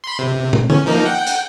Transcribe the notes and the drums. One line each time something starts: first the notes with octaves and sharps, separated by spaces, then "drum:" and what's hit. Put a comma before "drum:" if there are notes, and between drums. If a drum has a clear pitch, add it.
B5 C6
C3
drum: tom
C#4, drum: tom D3
F3 A#3 D#4
F#5 G5
drum: hi-hat